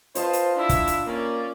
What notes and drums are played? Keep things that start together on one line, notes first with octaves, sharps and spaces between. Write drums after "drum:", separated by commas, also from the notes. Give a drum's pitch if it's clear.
F4 B4 C5 D#5 F5 A5, drum: hi-hat
drum: hi-hat
D4 E4 E5
drum: kick, hi-hat
drum: hi-hat
A#3 C#4 D5